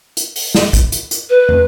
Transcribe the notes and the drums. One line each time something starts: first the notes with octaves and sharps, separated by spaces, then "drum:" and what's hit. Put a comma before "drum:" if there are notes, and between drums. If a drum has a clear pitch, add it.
drum: hi-hat
drum: open hi-hat
drum: snare
drum: kick, hi-hat
drum: hi-hat
drum: hi-hat
B4
drum: tom